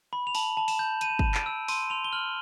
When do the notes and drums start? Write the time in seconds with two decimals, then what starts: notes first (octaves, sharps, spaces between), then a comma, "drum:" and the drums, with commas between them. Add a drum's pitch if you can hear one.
0.13 B5
0.27 F7
0.35 A5 F#7, drum: open hi-hat
0.57 A5
0.68 E7, drum: open hi-hat
0.79 G6
1.01 G6 D#7, drum: hi-hat
1.10 E7
1.19 A5 D#7, drum: kick
1.34 D7, drum: clap
1.46 E6
1.68 C6 D#7, drum: open hi-hat
1.90 C6 F7
2.05 G7
2.13 F6 F#7